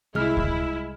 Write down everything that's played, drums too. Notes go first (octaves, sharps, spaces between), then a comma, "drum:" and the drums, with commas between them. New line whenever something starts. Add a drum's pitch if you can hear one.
C2 G#3 E4 F6
drum: kick C#2